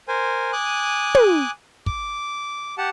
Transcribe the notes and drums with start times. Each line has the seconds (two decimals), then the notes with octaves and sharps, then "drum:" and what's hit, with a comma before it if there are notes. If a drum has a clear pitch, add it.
0.08 A#4 C5 G#5
0.53 G#5 D6 D#6 F#6
1.15 drum: tom
1.86 D6, drum: kick
2.78 G4 F#5 A5